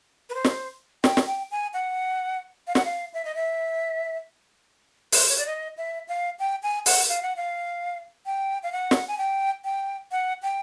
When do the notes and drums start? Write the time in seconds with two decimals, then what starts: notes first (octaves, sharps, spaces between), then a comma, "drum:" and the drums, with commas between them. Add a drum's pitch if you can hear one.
0.30 B4
0.34 C5
0.44 drum: snare
1.04 G5, drum: snare
1.17 drum: snare
1.27 G5
1.51 G#5
1.74 F#5
2.67 F5
2.75 F#5, drum: snare
2.85 F5
3.14 E5
3.25 D#5
3.35 E5
5.12 B4, drum: open hi-hat
5.20 C5
5.29 C#5
5.38 D5
5.46 D#5
5.77 E5
6.08 F5
6.39 G5
6.63 G#5
6.86 F#5, drum: open hi-hat
7.09 F5
7.22 F#5
7.36 F5
8.26 G5
8.63 F5
8.72 F#5
8.91 drum: snare
9.08 G#5
9.18 G5
9.64 G5
10.11 F#5
10.43 G5